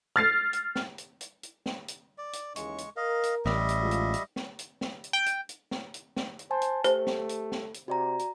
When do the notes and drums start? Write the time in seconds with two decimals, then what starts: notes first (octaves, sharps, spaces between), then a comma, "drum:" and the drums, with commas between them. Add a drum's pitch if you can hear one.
0.16 F6 A6 C7
0.53 drum: hi-hat
0.76 drum: snare
0.98 drum: hi-hat
1.21 drum: hi-hat
1.43 drum: hi-hat
1.66 drum: snare
1.88 drum: hi-hat
2.18 D5
2.33 drum: hi-hat
2.56 D#2 C#3 E3 G#3 C#6, drum: hi-hat
2.78 drum: hi-hat
2.97 A#4 D#5 F5
3.23 drum: hi-hat
3.46 A1 G3 D#5 E5, drum: snare
3.69 drum: hi-hat
3.81 G#3 F4
3.91 drum: hi-hat
4.14 drum: hi-hat
4.36 drum: snare
4.59 drum: hi-hat
4.81 drum: snare
5.04 drum: hi-hat
5.13 G5
5.26 drum: hi-hat
5.49 drum: hi-hat
5.71 drum: snare
5.94 drum: hi-hat
6.17 drum: snare
6.39 drum: hi-hat
6.51 C5 G#5 A5
6.62 drum: hi-hat
6.84 A3 G4 C5, drum: hi-hat
7.07 drum: snare
7.29 drum: hi-hat
7.52 drum: snare
7.74 drum: hi-hat
7.88 C3 F#4 D5 A#5
8.19 drum: hi-hat